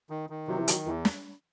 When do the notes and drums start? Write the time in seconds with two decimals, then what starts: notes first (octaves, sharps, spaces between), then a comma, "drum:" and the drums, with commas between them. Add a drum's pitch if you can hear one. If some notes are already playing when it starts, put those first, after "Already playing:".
0.10 D#3
0.30 D#3
0.48 C3 F#3
0.58 E3
0.68 D#3 F#3, drum: hi-hat
0.86 E2 E3
1.05 drum: snare